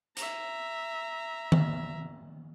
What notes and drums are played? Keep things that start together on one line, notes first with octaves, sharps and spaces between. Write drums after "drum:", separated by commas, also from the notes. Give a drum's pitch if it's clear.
E5 A#5, drum: hi-hat
drum: tom D#3